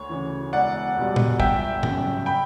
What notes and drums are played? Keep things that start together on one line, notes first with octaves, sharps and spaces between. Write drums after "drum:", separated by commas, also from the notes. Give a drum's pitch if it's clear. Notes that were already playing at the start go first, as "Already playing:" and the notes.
Already playing: D2 C#5
C#3 E3
E1 D5 F#5
E2 B2 G3 B3
drum: tom
G1 E5 G5, drum: kick
F#2 C#3, drum: tom G#2
G5 B5